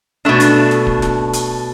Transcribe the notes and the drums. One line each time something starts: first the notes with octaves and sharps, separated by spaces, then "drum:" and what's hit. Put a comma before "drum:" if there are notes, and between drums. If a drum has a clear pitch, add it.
B2 A3 D4
drum: hi-hat
drum: snare
drum: kick
drum: snare
drum: hi-hat